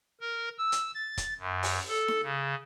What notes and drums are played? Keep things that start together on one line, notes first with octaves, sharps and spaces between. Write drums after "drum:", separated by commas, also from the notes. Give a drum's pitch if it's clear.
A#4
E6
drum: hi-hat
A6
drum: kick, hi-hat
F#2
drum: open hi-hat
A4
drum: snare D#4
C#3